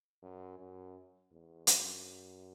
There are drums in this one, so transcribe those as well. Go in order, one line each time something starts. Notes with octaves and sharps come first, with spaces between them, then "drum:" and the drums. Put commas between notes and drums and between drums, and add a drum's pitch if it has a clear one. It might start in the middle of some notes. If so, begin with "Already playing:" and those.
F#2
F#2
E2
F#2, drum: hi-hat